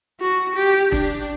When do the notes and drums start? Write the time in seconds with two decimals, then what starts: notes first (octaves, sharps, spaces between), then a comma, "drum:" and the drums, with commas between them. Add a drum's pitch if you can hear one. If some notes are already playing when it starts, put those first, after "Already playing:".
0.20 F#4
0.55 G4
0.92 D4, drum: kick E1